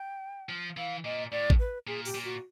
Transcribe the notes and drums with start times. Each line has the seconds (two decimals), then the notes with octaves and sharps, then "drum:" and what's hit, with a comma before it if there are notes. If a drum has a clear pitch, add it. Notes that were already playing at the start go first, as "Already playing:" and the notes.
Already playing: G5
0.49 F3
0.77 E3 F5
1.04 A#2 D#5
1.31 A2 D5
1.50 drum: kick A1
1.59 B4
1.87 A#2 G#4
2.05 G4, drum: open hi-hat
2.15 A#2
2.24 F#4